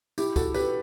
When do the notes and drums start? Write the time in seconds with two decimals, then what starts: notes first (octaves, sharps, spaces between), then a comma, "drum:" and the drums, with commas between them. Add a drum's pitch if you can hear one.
0.18 E4 G4, drum: tambourine
0.36 F#4 A4, drum: kick, tambourine
0.54 G4 B4, drum: tambourine